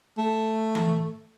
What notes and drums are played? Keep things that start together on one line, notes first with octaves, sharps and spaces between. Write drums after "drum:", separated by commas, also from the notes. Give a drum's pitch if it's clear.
A3
drum: tom E3